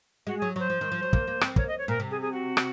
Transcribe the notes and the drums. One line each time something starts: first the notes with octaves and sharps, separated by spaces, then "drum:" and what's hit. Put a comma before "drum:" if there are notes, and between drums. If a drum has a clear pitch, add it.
G#3 F#4
F#3 G#4
F#3 C5
F3
D#3
F3
F#3
A#3, drum: kick
A#3
C4, drum: rim click
A#3 C#5, drum: kick
D#5
C#5
A#2 A#4
C3
G#4
G#4
F#4
drum: rim click